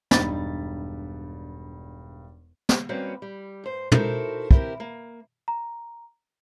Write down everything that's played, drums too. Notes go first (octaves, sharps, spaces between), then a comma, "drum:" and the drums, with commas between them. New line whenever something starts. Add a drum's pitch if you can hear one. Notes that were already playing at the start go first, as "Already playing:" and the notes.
E1 G2 D#4 B5 A6, drum: snare
drum: snare
G3 A#3 C4 C#4 F#4 B4
G3
G2 C5
D#4 E4 F#4 A4 A#4 C5, drum: tom
C4 E4 G4 A#4, drum: kick
A#3
A#5